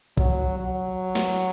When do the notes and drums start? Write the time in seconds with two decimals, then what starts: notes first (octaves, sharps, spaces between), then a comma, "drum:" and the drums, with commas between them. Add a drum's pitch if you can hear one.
0.17 F#3, drum: kick
0.59 F#3
1.15 drum: snare